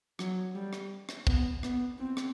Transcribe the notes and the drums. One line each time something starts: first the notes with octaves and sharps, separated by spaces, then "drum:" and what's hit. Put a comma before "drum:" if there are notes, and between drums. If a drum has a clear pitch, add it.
F#3, drum: rim click
G3
drum: rim click
drum: rim click
B3, drum: kick
B3, drum: rim click
C4
drum: rim click